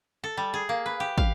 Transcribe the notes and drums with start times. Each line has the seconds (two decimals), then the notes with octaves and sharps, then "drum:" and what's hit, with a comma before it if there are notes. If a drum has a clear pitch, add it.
0.24 A4
0.37 G3
0.54 G#4
0.69 A#3
0.86 B4
1.00 G4
1.18 F5, drum: kick